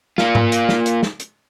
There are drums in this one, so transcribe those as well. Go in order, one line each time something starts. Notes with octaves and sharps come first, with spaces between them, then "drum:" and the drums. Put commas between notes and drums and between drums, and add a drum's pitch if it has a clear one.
A#3 F4, drum: snare
drum: tom G#2
drum: hi-hat
drum: snare
drum: hi-hat
drum: snare
drum: hi-hat